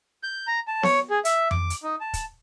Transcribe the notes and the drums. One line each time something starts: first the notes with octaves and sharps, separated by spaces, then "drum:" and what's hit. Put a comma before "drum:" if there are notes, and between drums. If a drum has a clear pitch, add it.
G6
A#5
A5
C#5, drum: snare B3
G#4
E5, drum: hi-hat
D6, drum: tom F2
drum: hi-hat
D#4
A5
drum: kick, hi-hat